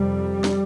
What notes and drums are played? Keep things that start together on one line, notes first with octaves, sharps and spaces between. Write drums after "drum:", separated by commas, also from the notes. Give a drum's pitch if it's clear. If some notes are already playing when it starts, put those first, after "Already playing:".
Already playing: F2 C3 G3
drum: snare